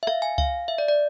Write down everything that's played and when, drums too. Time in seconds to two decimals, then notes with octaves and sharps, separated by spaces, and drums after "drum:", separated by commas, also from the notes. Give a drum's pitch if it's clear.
0.03 E5
0.07 F5, drum: rim click
0.22 G#5
0.38 F5, drum: kick C#2
0.68 E5
0.78 D5
0.88 D5